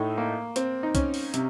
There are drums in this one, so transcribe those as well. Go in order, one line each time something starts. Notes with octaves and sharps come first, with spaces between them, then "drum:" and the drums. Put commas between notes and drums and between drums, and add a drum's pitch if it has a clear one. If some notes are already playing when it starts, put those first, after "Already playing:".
Already playing: A2 A3 D#4 A4
A#3
C4, drum: hi-hat
D#4
C#4, drum: kick, hi-hat
drum: open hi-hat
C3, drum: hi-hat